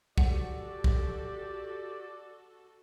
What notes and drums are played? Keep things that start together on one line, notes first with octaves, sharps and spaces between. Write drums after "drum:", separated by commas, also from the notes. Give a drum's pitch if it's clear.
F#4 G4 A4 D5 F#5, drum: kick
drum: kick